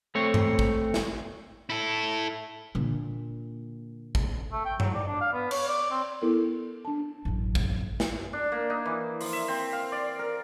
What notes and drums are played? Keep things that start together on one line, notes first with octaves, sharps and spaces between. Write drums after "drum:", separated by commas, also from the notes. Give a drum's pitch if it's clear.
A3 C4 C#5
drum: tom G2
drum: kick G#1
drum: snare
E4 A4
A#2 D3
drum: kick G#1
A3
G5
F#3, drum: tom G2
D5
D4
F5
B3
C#5, drum: cymbal
D5
C4
B3 E4 A4 A#4
D4 A5
A1 F#2
drum: kick G#1
drum: snare
D4
A#3
D#4
E3
F3, drum: open hi-hat
E5
C4
F5
D5
A#4